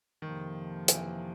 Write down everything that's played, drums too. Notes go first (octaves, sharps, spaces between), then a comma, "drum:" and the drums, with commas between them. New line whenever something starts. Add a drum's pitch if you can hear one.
F2 C3 D#3 F3 A#3
E3, drum: hi-hat